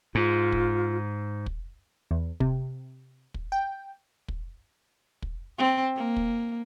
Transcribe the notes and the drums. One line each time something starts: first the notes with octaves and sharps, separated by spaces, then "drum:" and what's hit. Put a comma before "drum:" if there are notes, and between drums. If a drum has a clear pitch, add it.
G#2 F4
drum: kick
drum: kick
E2
C3, drum: kick
drum: kick
G5
drum: kick
drum: kick
C4
A#3
drum: kick